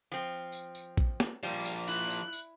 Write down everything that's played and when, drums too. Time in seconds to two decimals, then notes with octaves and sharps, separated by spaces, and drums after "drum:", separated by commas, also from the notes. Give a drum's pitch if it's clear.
0.12 F3 C4
0.52 drum: tambourine
0.75 drum: tambourine
0.97 drum: kick
1.20 drum: snare
1.43 F3 G3 A#3
1.65 drum: tambourine
1.88 E4 F#6, drum: tambourine
2.10 drum: tambourine
2.33 drum: tambourine